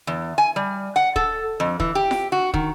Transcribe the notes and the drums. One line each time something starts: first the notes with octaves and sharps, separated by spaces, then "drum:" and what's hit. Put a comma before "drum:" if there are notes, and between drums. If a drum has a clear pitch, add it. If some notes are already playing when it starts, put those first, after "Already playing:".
E2
G#5
G3
F#5
A4, drum: kick
F2
E3, drum: kick
G4
drum: snare F4
F#4
D#3, drum: kick